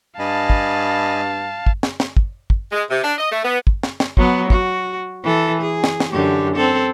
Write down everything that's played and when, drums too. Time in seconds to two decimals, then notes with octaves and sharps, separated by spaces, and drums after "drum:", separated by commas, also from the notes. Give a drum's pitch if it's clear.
0.19 G2 D#5 F5 G#5 A5 B5
0.50 drum: kick
1.66 drum: kick
1.83 drum: snare
2.00 drum: snare
2.17 drum: kick
2.50 drum: kick
2.72 G#3
2.90 C3
3.03 D4
3.18 D#5
3.32 A3
3.44 B3
3.67 drum: kick
3.83 drum: snare
4.00 drum: snare
4.17 F#3 B3, drum: kick
4.50 F#4, drum: kick
5.24 E3 A4
5.62 G#4
5.84 drum: snare
6.00 drum: snare
6.13 F#2 D3 G4
6.56 C4 A4